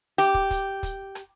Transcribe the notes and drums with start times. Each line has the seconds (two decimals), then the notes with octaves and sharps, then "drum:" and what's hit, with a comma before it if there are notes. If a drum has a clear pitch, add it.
0.18 G4, drum: hi-hat
0.34 drum: kick
0.51 drum: kick, hi-hat
0.83 drum: kick, hi-hat
1.15 drum: rim click